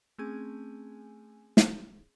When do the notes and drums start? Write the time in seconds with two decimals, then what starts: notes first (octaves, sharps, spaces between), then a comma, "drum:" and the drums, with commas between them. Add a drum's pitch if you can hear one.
0.18 A3 C4 C#4 G#4 G#5
1.57 drum: snare